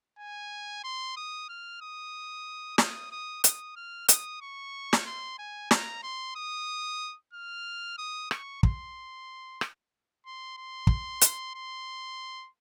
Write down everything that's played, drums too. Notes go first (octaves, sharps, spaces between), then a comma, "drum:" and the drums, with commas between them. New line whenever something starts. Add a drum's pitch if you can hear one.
G#5
C6
D#6
F6
D#6
D#6, drum: snare
D#6
D#6, drum: hi-hat
F6
D#6, drum: hi-hat
C#6
drum: snare
C6
G#5
A#5, drum: snare
C6
D#6
F6
D#6
C#6, drum: rim click
C6, drum: kick
drum: rim click
C6
C6
drum: kick
drum: hi-hat
C6